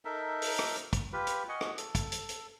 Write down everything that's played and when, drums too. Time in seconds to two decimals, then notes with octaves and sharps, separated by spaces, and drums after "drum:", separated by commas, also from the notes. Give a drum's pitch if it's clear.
0.05 D#4 A4 A#4 E5
0.42 drum: open hi-hat
0.59 drum: rim click
0.76 drum: hi-hat
0.93 drum: kick, hi-hat
1.13 F4 G4 B4
1.27 drum: hi-hat
1.49 D#5 F#5 G#5 C#6
1.61 drum: rim click
1.78 A4, drum: hi-hat
1.95 drum: kick, hi-hat
2.12 drum: hi-hat
2.29 drum: hi-hat